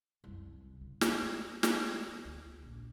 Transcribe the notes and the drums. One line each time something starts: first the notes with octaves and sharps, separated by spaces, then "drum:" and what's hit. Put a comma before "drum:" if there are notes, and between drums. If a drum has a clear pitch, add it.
C2 F#2
C#3
drum: snare
E2
drum: snare
B3
D2
A#1